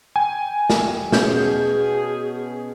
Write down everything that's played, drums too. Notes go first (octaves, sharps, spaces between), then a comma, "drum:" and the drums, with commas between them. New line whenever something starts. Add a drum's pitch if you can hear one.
G5 G#5
drum: snare
B2 C#4 G#4 G6, drum: snare